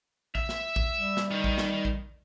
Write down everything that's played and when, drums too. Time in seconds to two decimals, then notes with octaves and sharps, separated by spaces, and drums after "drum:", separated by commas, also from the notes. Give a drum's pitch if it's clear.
0.35 E5, drum: kick A#1
0.49 drum: snare
0.76 drum: kick A#1
0.95 G3
1.17 drum: snare
1.31 D#3
1.44 drum: kick A#1
1.58 drum: snare
1.85 drum: kick A#1